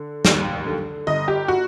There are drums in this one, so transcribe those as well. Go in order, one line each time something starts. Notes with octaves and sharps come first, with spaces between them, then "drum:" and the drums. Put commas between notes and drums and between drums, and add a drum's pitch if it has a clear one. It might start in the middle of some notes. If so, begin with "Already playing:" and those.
Already playing: D3
D#2, drum: snare
D3
G1 D#5
G4
F#4